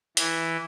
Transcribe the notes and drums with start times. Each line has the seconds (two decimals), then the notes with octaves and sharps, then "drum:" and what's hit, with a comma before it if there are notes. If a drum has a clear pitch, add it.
0.17 E3, drum: hi-hat